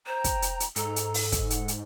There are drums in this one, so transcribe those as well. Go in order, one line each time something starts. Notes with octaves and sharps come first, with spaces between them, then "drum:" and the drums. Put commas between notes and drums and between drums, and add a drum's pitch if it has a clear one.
C5 G5 A#5
drum: kick, hi-hat
drum: hi-hat
drum: hi-hat
G#2 A4 A#5, drum: hi-hat
drum: hi-hat
drum: open hi-hat
drum: kick, hi-hat
F#5, drum: hi-hat
drum: hi-hat